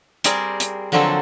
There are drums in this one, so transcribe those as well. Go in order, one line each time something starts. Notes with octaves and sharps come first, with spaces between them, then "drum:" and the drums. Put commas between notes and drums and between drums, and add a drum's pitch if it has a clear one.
G3 C4 G#4 A#4 D5, drum: hi-hat
drum: hi-hat
D3 F3 F#3 A#3 C4 A4